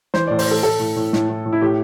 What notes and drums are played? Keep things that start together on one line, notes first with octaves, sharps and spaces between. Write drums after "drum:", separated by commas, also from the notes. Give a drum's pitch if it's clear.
E3 C5, drum: snare
D5
A2
C5, drum: open hi-hat
A2 A4
A2 A4
A2
A2
A2, drum: snare
A2
A2
E4
A2 G4